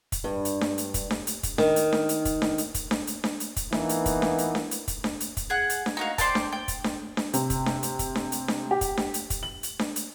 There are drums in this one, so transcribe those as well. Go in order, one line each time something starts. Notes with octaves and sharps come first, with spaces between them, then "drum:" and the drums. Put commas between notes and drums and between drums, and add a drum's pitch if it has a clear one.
drum: kick, hi-hat
G2
drum: hi-hat
drum: snare D4
drum: hi-hat
drum: kick, hi-hat
drum: snare D4
drum: hi-hat
drum: kick, hi-hat
D#3, drum: snare D4
drum: hi-hat
drum: snare D4
drum: hi-hat
drum: kick, hi-hat
drum: snare D4
drum: hi-hat
drum: kick, hi-hat
drum: snare D4
drum: hi-hat
drum: snare D4
drum: hi-hat
drum: kick, hi-hat
E3 A#3 B3 D#4, drum: snare D4
drum: hi-hat
drum: kick, hi-hat
drum: snare D4
drum: hi-hat
drum: snare D4
drum: hi-hat
drum: kick, hi-hat
drum: snare D4
drum: hi-hat
drum: kick, hi-hat
G#4 F#5
drum: hi-hat
drum: snare D4
D#4 F#4 F5
C5 D5 G5 A5, drum: kick, hi-hat
drum: snare D4
G5
drum: kick, hi-hat
drum: snare D4
drum: snare D4
C3, drum: hi-hat
drum: kick, hi-hat
drum: snare D4
drum: hi-hat
drum: kick, hi-hat
drum: snare D4
drum: hi-hat
drum: snare D4
G4
drum: kick, hi-hat
drum: snare D4
drum: hi-hat
drum: kick, hi-hat
F#7
drum: hi-hat
drum: snare D4
drum: hi-hat